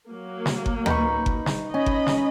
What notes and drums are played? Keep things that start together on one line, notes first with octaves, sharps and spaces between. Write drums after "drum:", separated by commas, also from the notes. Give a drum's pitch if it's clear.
F#3 A#3
drum: snare
drum: kick G1
D#4 B5 C#6, drum: tom D2
drum: kick G1
drum: snare
C#4 D#5 B5
drum: kick G1
drum: snare